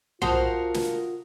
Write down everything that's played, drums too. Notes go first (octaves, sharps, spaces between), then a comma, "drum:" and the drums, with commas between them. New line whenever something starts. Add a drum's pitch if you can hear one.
F4 F#4 A#4 C5 F5 F#5 A5 D#6, drum: tom B1
drum: snare